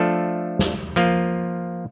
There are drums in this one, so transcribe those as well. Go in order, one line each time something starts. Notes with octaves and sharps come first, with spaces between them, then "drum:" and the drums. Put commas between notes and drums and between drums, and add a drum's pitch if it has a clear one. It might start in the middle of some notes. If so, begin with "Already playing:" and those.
Already playing: F3 A3 D4 F4 A4
drum: snare
F3 A#3 F4